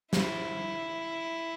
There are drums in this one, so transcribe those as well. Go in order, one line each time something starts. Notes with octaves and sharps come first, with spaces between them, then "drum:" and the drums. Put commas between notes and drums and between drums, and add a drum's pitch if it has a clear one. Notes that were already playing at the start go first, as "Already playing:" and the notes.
E4, drum: snare